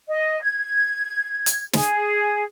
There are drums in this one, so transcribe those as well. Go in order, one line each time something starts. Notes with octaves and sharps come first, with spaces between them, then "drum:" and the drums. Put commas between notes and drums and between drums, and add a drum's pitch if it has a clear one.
D#5
G#6
drum: hi-hat
G#4, drum: snare